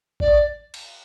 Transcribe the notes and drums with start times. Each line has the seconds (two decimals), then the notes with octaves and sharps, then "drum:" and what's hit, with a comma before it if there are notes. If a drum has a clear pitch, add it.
0.20 D5, drum: kick A1
0.74 drum: cymbal